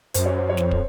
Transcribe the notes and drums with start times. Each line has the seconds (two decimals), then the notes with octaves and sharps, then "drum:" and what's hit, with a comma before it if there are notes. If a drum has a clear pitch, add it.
0.14 F#2 C5, drum: hi-hat
0.26 C#5
0.38 C5
0.50 C#5
0.57 F2 C5, drum: snare
0.71 drum: kick